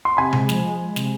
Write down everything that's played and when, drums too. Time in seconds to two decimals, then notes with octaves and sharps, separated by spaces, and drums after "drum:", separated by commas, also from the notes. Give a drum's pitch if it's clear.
0.05 C6
0.17 C3 G#5 B5
0.33 G#3, drum: tom C3
0.49 F3, drum: snare
0.64 G#3
0.80 G#3
0.96 C3, drum: snare